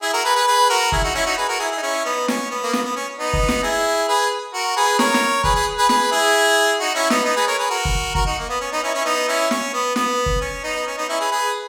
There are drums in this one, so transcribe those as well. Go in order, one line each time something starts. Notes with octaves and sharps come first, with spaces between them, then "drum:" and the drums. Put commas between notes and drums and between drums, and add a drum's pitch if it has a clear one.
E4 G#4
F#4 A#4
G#4 B4
G#4 B4
G#4 B4
F#4 A#4
E4 G#4, drum: kick
D#4 F#4
C#4 E4
D#4 F#4
G#4 B4
F#4 A#4
E4 G#4
E4 G#4
D#4
C#4 E4
B3 D#4
C#4, drum: snare
B3
A#3
B3, drum: snare
B3
C#4
B3 D#4
drum: kick
drum: snare
E4 G#4
G#4 B4
F#4 A#4
G#4 B4
A#4 C#5, drum: snare
drum: snare
G#4 B4, drum: kick
G#4 B4
G#4 B4
G#4 B4, drum: snare
E4 G#4
D#4 F#4
C#4 E4
B3 D#4, drum: snare
B3 D#4
G#4 B4
A#4 C#5
G#4 B4
F#4 A#4
drum: kick
F#4 A#4, drum: kick
D#4 F#4
A#3
B3
C#4
B3 D#4
C#4 E4
C#4 E4
B3 D#4
C#4 E4
C#4, drum: snare
B3
B3, drum: snare
drum: kick
C#4
B3 D#4
C#4
B3 D#4
C#4 E4
G#4 B4
G#4 B4